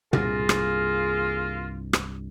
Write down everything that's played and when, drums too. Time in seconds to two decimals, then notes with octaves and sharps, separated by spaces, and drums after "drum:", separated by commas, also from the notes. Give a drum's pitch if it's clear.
0.13 C2 G2 A#3 F4 G#4, drum: tom
0.49 drum: rim click
1.93 drum: rim click